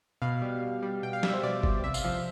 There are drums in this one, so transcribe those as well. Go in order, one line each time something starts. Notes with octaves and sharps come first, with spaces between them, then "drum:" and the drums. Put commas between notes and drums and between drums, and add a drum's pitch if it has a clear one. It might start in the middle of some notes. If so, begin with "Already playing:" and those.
B2 F5
G3
B2
G3
B2 G5
F5
G3 E5, drum: snare
C5
B2 D5
G3, drum: kick
C3 E5
F5, drum: tambourine
F3 F5
E5